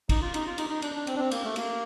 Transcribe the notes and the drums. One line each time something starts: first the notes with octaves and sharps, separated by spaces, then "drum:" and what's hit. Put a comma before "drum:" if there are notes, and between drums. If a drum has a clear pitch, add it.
D#4, drum: kick, cymbal
F4
D#4, drum: cymbal
F4
D#4, drum: cymbal
D#4
D4, drum: cymbal
D4
C4, drum: cymbal
D4
C4
A#3, drum: cymbal
A3
A#3, drum: cymbal